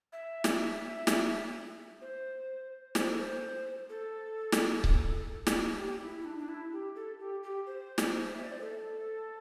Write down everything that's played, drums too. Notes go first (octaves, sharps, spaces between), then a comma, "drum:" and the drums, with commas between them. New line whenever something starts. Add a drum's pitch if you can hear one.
E5
drum: snare
drum: snare
C5
C5, drum: snare
A4
C5
A4
drum: snare
drum: kick C#1
drum: snare
G4
E4
E4
D4
D4
E4
G4
A4
G4
G4
C5
drum: snare
E5
D5
C5
A4